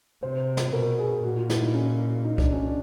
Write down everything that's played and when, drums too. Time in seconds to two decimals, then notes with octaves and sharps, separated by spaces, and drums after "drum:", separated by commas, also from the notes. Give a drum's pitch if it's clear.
0.23 C3 C5
0.57 drum: snare
0.73 B2 A#4
0.99 G#4
1.24 A#2 F#4
1.37 F4
1.50 E4, drum: snare
1.61 D#4
1.74 C#4
2.25 D#4
2.38 D4, drum: kick C2
2.52 C#4
2.65 D4